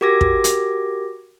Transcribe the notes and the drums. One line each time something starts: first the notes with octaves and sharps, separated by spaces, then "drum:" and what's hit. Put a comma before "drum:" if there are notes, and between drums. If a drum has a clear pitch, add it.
F#4 G4 A#4 D6 G#6 A#6
drum: kick
drum: hi-hat